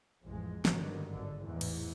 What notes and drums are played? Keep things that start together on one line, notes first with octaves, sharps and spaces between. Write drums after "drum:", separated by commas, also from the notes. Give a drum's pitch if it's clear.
A1 F2 F3 G#3
G#1 G2 D3 D#3 F#3, drum: snare
G#1 D3
A1 E2 G#2 E3
drum: cymbal